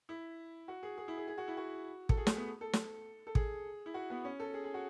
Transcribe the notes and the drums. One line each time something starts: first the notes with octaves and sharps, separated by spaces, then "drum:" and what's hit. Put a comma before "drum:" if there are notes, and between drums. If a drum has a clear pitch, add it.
E4
F#4
G#4
G#4
E4
G#4
G#4
F#4
E4
F#4
A4, drum: kick
G#4
A3, drum: snare
B3
A4
drum: snare
A4
G#4, drum: kick
E4
F#4
B3
C#4
A4
G#4
G#4
F#4